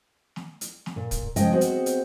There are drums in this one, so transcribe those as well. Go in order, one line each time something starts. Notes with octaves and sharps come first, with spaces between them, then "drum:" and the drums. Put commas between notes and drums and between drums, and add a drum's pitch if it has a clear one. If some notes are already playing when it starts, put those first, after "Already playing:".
drum: snare
drum: hi-hat
drum: snare
A#2
drum: kick, hi-hat
C#3 F3 G#3 C#4 D#5 G5, drum: hi-hat
B3 C4 F#4 G#4 C5 D#5
drum: hi-hat
drum: hi-hat